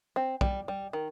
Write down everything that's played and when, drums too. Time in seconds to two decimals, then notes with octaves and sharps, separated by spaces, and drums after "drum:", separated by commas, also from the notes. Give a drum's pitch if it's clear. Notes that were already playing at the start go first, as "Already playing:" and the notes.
0.16 C4
0.41 G3, drum: kick
0.68 G3
0.93 D#3